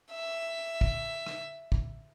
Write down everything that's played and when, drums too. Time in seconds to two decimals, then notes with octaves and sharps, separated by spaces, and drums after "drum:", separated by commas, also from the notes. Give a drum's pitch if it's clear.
0.14 E5
0.81 drum: kick
1.27 drum: rim click
1.72 drum: kick